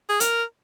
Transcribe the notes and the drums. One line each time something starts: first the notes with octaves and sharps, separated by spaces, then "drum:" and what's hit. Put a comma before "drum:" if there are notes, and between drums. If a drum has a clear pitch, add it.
G#4
A#4, drum: hi-hat